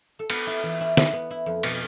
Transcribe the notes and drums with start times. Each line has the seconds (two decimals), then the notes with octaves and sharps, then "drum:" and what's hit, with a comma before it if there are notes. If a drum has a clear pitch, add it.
0.19 A4
0.30 B3 B4, drum: cymbal
0.47 E4
0.63 E3
0.80 E4
0.97 E4, drum: snare
1.13 B3
1.31 E4
1.46 F2
1.63 B2 A4, drum: cymbal